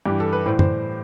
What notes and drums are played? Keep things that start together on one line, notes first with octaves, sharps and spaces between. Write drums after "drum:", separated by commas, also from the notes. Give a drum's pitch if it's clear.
G2 E3 G4
A4
B4
A2 E3 C5
C5, drum: tom F#2